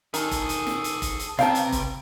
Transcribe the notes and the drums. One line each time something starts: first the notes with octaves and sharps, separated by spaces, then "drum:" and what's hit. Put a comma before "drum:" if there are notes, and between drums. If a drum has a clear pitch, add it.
D#3 G#4 A4, drum: hi-hat
drum: kick F1, hi-hat
drum: hi-hat
drum: snare
drum: hi-hat
drum: kick F1, hi-hat
drum: hi-hat
C3 B4 F5 G5 A5 A#5, drum: snare
drum: hi-hat
drum: kick F1, hi-hat